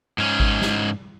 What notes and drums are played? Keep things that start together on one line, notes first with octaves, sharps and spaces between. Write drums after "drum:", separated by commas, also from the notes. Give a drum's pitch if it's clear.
G#2 C#4
drum: kick G#1
drum: snare